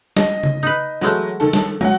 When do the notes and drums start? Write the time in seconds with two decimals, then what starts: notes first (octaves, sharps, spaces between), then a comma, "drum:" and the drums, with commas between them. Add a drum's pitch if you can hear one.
0.17 D#5, drum: snare
0.43 drum: tom C#3
0.63 D#4 B4
1.01 E3 F#3 G#3 A3
1.40 D#3 A4
1.53 drum: snare
1.81 F#3 F#5, drum: tom